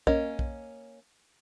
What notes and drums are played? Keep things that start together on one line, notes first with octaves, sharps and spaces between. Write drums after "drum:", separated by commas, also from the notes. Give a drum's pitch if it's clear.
A#3 C#4 D#5, drum: kick B1
drum: kick B1